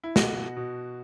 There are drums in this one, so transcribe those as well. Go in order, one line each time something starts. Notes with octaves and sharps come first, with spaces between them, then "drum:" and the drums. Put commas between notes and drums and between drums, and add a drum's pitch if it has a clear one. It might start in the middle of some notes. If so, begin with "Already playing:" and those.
E4
B2 F#4, drum: snare
B2